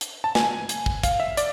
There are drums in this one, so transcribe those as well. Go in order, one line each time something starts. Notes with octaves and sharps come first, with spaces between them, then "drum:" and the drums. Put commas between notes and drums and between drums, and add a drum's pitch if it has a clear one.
drum: hi-hat
A5
G#5, drum: snare
drum: hi-hat
drum: kick
F5, drum: kick, hi-hat
E5
D5, drum: hi-hat